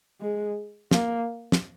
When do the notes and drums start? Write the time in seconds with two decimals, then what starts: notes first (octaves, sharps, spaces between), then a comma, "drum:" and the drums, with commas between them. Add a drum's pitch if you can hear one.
0.20 G#3
0.91 A#3, drum: snare
1.52 drum: snare